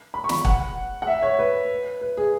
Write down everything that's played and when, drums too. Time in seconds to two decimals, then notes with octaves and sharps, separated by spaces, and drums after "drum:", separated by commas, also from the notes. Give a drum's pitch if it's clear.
0.14 B5
0.24 C#6
0.29 B5, drum: snare
0.45 F#5, drum: kick
1.02 F#5
1.07 E5
1.22 C#5
1.39 B4
2.01 B4
2.17 G#4